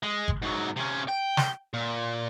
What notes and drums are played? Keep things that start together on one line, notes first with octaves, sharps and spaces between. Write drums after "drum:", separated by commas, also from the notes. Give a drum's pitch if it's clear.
G#3
drum: kick G1
G#2 F#3
C3 C#4
G5
drum: snare
A#2